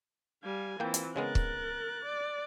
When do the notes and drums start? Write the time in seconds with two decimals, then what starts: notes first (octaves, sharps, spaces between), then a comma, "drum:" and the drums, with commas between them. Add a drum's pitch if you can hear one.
0.44 G3 F5 G#5
0.80 E3 A#3 C4 F4 G5
0.94 drum: hi-hat
1.16 C#3 G#3 B3 A#4 F#6 A6
1.35 drum: kick
2.04 D5